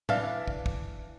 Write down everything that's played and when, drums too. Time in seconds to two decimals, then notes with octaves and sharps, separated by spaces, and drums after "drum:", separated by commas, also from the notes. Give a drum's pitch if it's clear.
0.09 E3 D4 E5 F5, drum: tom
0.48 drum: kick
0.66 drum: kick